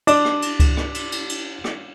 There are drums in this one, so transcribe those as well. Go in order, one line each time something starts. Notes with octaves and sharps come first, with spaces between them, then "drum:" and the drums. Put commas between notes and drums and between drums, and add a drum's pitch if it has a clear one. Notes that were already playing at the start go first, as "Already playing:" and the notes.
D4 D5, drum: cymbal
drum: rim click
drum: cymbal
drum: kick C#2, cymbal
drum: rim click
drum: cymbal
drum: cymbal
drum: cymbal
drum: rim click